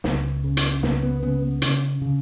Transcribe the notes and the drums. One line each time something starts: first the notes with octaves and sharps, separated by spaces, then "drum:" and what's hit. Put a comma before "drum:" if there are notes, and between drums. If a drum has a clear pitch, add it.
C#2 B3, drum: snare
C#3
drum: hi-hat
C#2 B3, drum: snare
B3
C#3 B3
B3
C#3 C#4, drum: hi-hat
C#3